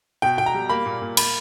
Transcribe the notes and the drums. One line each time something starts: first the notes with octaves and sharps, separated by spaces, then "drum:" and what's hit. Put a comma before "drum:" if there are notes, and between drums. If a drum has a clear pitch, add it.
B2 G5
B2 G5
A#5
G3
A#3 B5
A#2
A#2
A#3 B5, drum: cymbal